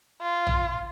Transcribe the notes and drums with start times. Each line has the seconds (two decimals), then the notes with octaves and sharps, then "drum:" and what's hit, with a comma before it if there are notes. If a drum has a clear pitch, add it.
0.22 F4
0.47 drum: tom A#1